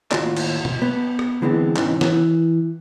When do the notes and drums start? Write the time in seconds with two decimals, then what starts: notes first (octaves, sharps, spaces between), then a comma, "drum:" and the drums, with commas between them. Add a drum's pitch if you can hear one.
0.11 D#2 A2 F4 F#4 D5, drum: clap
0.36 drum: cymbal
0.65 drum: tom
0.82 B3
1.19 drum: rim click
1.42 D3 E3 G#3 B3 C4 D4
1.76 G#2 C3 E3 C4 C#4 D#4, drum: clap
2.01 E3, drum: snare